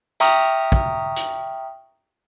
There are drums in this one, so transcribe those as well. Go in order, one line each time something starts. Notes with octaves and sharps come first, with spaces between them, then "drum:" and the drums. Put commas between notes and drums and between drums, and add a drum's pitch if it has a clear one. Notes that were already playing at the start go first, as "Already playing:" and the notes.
E5 G5 A#5 C#6 D#6 F6, drum: hi-hat
drum: kick
drum: hi-hat